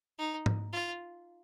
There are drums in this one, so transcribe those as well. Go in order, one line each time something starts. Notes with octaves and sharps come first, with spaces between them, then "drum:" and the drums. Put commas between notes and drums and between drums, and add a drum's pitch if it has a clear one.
D#4
drum: tom G#2
F4